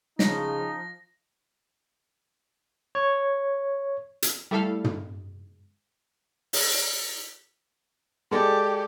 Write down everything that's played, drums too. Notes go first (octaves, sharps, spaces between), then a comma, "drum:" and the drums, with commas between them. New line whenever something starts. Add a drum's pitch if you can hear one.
C#3 F3 D#4 A#6, drum: snare
C#5
drum: hi-hat
G3 A3 E4 A4 F5
drum: tom
drum: open hi-hat
G#3 G4 A4 D5